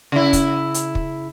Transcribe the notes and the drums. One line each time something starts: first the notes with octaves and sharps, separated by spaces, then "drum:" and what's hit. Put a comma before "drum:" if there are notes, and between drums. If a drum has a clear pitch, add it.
C#3 E4
drum: kick, hi-hat
drum: hi-hat
drum: kick